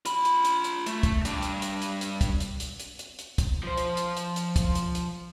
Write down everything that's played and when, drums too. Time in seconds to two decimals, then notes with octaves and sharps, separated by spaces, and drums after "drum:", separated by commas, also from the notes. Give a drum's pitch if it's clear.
0.05 F4 B5, drum: hi-hat
0.25 drum: hi-hat
0.45 drum: hi-hat
0.64 drum: hi-hat
0.86 A3, drum: hi-hat
1.03 drum: kick, hi-hat
1.25 G3 D4, drum: hi-hat
1.43 drum: hi-hat
1.62 drum: hi-hat
1.82 drum: hi-hat
2.01 drum: hi-hat
2.21 drum: kick, hi-hat
2.40 drum: hi-hat
2.60 drum: hi-hat
2.80 drum: hi-hat
2.99 drum: hi-hat
3.19 drum: hi-hat
3.38 drum: kick, hi-hat
3.63 F3 C5
3.77 drum: hi-hat
3.97 drum: hi-hat
4.17 drum: hi-hat
4.36 drum: hi-hat
4.56 drum: kick, hi-hat
4.75 drum: hi-hat
4.95 drum: hi-hat